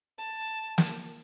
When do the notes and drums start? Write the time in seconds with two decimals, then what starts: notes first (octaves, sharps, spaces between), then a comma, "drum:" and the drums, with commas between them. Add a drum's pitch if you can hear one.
0.19 A5
0.78 drum: snare